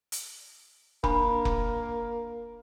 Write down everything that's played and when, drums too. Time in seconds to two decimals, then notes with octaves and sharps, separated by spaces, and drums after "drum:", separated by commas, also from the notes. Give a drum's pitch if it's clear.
0.12 drum: hi-hat
1.04 A#3 D4 B5, drum: kick F1
1.45 drum: kick F1